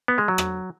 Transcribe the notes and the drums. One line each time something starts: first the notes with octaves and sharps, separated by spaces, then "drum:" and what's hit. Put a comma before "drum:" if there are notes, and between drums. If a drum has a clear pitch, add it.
B3
G#3
F#3
drum: rim click